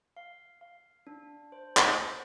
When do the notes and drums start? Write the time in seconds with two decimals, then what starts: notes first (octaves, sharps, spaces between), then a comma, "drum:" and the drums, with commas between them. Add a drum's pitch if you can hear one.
0.17 F5
0.61 F5
1.07 D4
1.52 C5
1.77 drum: clap
1.97 C5